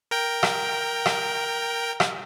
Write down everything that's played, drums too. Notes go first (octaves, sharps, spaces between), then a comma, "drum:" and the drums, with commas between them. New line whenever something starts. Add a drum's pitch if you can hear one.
A#4 G5
drum: rim click
drum: rim click
drum: rim click